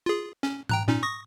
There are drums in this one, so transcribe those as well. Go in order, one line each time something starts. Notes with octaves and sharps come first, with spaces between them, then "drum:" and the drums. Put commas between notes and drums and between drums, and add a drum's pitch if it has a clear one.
F4 G#4
C#4, drum: snare
G5 A#5 F#6, drum: tom G#2
A#2 C#4 D#4
C#6 D#6 A#6